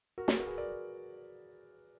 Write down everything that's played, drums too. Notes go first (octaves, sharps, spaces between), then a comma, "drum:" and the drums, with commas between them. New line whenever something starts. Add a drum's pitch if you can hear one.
F#4 A#4
G#4 B4, drum: snare
F#4 A#4
G#4 B4
A#4 D5